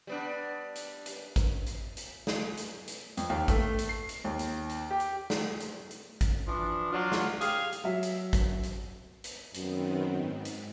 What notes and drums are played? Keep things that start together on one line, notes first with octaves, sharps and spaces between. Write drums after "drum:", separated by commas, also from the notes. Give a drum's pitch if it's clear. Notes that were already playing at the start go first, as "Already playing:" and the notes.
G3 B3 D4
drum: hi-hat
drum: hi-hat
drum: kick A1, hi-hat
drum: hi-hat
drum: hi-hat
drum: snare
drum: hi-hat
drum: hi-hat
F2, drum: hi-hat
D#2
A3, drum: kick A1, hi-hat
drum: hi-hat
C7
drum: hi-hat
D#2
drum: hi-hat
drum: hi-hat
G4
drum: hi-hat
drum: snare
drum: hi-hat
drum: hi-hat
drum: kick A1, hi-hat
E3 F3 D4
F#3 D4 F4
drum: snare
G4 G#4 F5, drum: hi-hat
drum: hi-hat
F#3 E5
drum: hi-hat
drum: kick A1, hi-hat
drum: hi-hat
drum: hi-hat
F#2 D#3 B3 C4, drum: hi-hat
G#2
drum: hi-hat